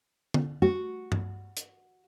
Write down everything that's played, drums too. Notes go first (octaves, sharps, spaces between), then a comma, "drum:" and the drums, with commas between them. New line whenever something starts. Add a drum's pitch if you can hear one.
drum: tom D3
F#4
drum: tom G2
drum: hi-hat